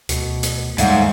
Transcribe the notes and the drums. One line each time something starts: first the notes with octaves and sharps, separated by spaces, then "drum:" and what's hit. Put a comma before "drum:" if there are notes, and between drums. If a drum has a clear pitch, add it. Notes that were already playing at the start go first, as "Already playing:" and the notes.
D2 B2, drum: hi-hat
drum: hi-hat
D#2 G#2 G3 A3 F5 F#5, drum: hi-hat